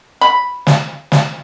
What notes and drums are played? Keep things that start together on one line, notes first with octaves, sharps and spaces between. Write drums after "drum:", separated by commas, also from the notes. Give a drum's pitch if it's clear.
B5
drum: snare
drum: snare